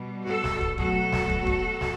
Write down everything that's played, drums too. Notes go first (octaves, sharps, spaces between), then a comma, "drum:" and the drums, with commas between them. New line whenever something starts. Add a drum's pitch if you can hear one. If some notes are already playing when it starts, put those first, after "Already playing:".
Already playing: B2 G3
F#4 A4
drum: snare
drum: kick
B2 F#3 A3 F#4 A4, drum: kick
drum: snare
drum: kick
drum: kick
drum: snare